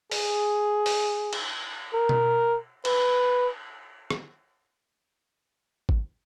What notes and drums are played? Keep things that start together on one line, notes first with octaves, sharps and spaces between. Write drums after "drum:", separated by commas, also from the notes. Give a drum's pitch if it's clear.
G#4, drum: open hi-hat
drum: open hi-hat
drum: cymbal
A#4
drum: tom B2
B4, drum: cymbal
drum: rim click
drum: kick G#1